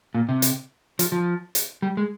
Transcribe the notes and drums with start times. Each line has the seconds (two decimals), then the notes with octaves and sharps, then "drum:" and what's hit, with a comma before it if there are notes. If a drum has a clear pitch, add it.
0.15 A#2
0.29 C3
0.42 drum: hi-hat
0.99 F3, drum: hi-hat
1.12 F3
1.55 drum: hi-hat
1.82 G3
1.97 G#3